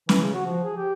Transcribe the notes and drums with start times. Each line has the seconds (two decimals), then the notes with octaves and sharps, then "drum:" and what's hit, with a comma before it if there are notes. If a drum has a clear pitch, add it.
0.09 E3, drum: snare
0.22 C#3
0.34 F#4
0.46 F3
0.64 G#4
0.77 G4